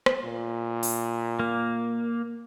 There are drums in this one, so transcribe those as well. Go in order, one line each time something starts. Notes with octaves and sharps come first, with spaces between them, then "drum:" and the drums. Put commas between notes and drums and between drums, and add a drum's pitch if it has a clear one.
drum: rim click
A#2
drum: open hi-hat
A#3